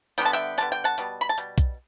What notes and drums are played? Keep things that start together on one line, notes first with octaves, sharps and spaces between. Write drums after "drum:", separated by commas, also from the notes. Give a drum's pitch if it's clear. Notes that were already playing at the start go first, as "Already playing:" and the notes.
D3 G3 B3 G5, drum: hi-hat
A5
E5 G5
D3 G3 B3 A5, drum: hi-hat
G5
F#5 A5
B2 G3 B3, drum: hi-hat
B5
A5
B2 G3, drum: hi-hat
drum: kick B1, hi-hat